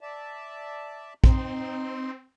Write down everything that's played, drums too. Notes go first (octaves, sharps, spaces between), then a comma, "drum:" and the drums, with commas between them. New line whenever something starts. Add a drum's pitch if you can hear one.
D5 E5 A5
C4 D#4 C6, drum: kick